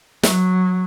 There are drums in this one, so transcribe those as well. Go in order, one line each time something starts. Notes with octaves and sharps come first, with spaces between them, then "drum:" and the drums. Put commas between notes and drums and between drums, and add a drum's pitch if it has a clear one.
F#3, drum: snare